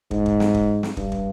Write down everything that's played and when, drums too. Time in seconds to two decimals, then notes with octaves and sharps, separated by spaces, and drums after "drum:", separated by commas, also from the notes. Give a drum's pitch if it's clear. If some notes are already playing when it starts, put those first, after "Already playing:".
0.11 G#2, drum: kick
0.26 drum: kick
0.40 drum: snare
0.54 drum: kick
0.83 drum: snare
0.97 G2, drum: kick
1.12 drum: kick